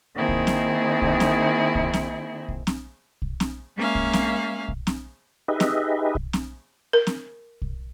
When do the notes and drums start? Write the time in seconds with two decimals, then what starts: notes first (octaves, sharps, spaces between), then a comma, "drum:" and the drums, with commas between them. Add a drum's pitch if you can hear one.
0.15 D#3 A#3 C4 D#4 E4 G#4
0.29 drum: kick
0.47 drum: snare C4
1.02 drum: kick
1.20 drum: snare C4
1.75 drum: kick
1.93 drum: snare C4
2.48 drum: kick
2.67 drum: snare C4
3.22 drum: kick
3.40 drum: snare C4
3.77 G#3 A#3 C#4 E5 F5
3.95 drum: kick
4.13 drum: snare C4
4.68 drum: kick
4.87 drum: snare C4
5.48 D#4 G4 G#4 B4 D#5 E5
5.60 drum: snare C4
6.15 drum: kick
6.33 drum: snare C4
6.93 A#4
7.07 drum: snare C4
7.62 drum: kick